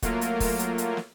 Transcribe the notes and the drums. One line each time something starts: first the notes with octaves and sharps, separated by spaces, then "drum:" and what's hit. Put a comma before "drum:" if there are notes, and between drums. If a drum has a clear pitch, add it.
F#3 A3 A#3 F4 A#4, drum: kick, hi-hat
drum: hi-hat
drum: kick, open hi-hat
drum: hi-hat
drum: hi-hat
drum: snare